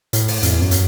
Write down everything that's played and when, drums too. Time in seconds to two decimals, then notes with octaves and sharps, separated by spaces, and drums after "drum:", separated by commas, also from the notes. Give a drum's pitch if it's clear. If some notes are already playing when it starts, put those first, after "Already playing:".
0.13 A2, drum: hi-hat
0.28 drum: open hi-hat
0.43 F2, drum: hi-hat
0.53 E2
0.61 F#2
0.71 drum: hi-hat